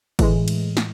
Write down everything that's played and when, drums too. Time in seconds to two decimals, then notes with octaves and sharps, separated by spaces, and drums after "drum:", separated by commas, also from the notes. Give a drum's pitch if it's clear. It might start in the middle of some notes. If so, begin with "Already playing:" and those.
0.19 A2 E3 G#3, drum: kick G1, cymbal
0.48 drum: cymbal
0.77 drum: snare